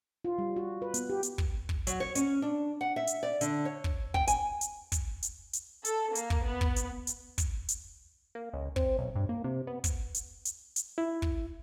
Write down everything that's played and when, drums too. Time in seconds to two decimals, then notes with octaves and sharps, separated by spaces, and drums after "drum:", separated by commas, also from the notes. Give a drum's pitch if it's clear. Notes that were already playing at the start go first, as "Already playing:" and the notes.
0.25 F4
0.38 G3
0.56 F#4
0.82 B4
0.94 B3, drum: hi-hat
1.10 G4
1.23 drum: hi-hat
1.38 drum: kick
1.69 drum: kick
1.87 F#3, drum: hi-hat
2.00 C#5
2.15 C#4, drum: hi-hat
2.42 D4
2.81 F#5
2.96 E5
3.07 drum: hi-hat
3.23 D5
3.41 D3, drum: hi-hat
3.65 C#5
3.84 drum: kick
4.14 G5, drum: kick
4.27 G#5, drum: hi-hat
4.61 drum: hi-hat
4.92 drum: kick, hi-hat
5.23 drum: hi-hat
5.53 drum: hi-hat
5.85 A4, drum: hi-hat
6.15 A#3, drum: hi-hat
6.30 drum: kick
6.45 B3
6.61 drum: kick
6.76 drum: hi-hat
7.07 drum: hi-hat
7.38 drum: kick, hi-hat
7.69 drum: hi-hat
8.35 A#3
8.53 C#2
8.76 C4, drum: kick
8.99 B1
9.15 G2
9.29 A#3
9.44 C3
9.67 B3
9.84 drum: kick, hi-hat
10.15 drum: hi-hat
10.45 drum: hi-hat
10.76 drum: hi-hat
10.98 E4
11.22 drum: kick